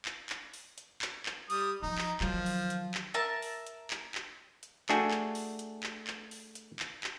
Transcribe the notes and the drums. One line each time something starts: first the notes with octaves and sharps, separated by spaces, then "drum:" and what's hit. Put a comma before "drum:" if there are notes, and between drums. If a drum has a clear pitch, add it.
drum: clap
drum: clap
drum: open hi-hat
drum: hi-hat
drum: clap
drum: clap
G3 D#6, drum: open hi-hat
F3 D#4
drum: clap
D#3 F3 F#3, drum: clap
drum: open hi-hat
drum: hi-hat
drum: clap
A#4 E5 A5
drum: open hi-hat
drum: hi-hat
drum: clap
drum: clap
drum: hi-hat
A3 D4 F#4 G#4 G5 G#5, drum: clap
drum: clap
drum: open hi-hat
drum: hi-hat
drum: clap
drum: clap
drum: open hi-hat
drum: hi-hat
drum: clap
drum: clap